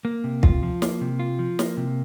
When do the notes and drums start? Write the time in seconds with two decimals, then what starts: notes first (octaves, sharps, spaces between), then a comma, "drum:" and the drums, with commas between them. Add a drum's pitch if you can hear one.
0.05 A#3
0.24 C3
0.43 F4, drum: kick
0.63 F3
0.82 A#3, drum: snare
1.01 C3
1.19 F4
1.39 F3
1.59 A#3, drum: snare
1.77 C3